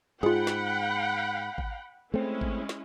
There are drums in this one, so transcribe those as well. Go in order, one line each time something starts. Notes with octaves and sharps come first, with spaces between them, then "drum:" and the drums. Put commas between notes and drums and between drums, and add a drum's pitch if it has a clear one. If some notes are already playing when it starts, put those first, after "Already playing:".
G#2 F4 G#4 F#5 G5 B5
drum: snare
drum: kick G#1
G#3 A3 C4 C#4 E4
drum: kick G#1
drum: snare